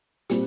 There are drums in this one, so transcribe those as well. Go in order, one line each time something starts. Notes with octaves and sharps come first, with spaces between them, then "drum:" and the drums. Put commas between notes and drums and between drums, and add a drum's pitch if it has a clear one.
A#2 G3 C4, drum: hi-hat